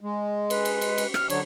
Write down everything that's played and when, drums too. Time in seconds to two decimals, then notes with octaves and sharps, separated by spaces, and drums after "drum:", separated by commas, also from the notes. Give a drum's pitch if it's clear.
0.01 G#3
0.50 B4, drum: cymbal
0.65 drum: cymbal
0.81 drum: cymbal
0.98 drum: cymbal
1.14 F6, drum: rim click
1.30 D3 F#3 D4 C#5, drum: cymbal